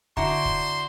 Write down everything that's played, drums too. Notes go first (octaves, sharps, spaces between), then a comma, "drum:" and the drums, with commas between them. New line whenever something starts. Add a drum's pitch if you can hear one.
D3 D4 E4 F#4 C5 A#5 C6, drum: kick
drum: kick